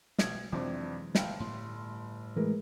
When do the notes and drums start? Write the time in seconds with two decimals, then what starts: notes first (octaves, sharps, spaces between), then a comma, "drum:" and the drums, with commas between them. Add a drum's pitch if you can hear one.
0.18 B1 G#6, drum: snare
0.52 F2 C3 E3 F#3 G#3 D4
1.15 G1 F5 G5, drum: snare
1.40 A2 G3 C6
2.36 E3 G#3 A3 G#4 A#4 B4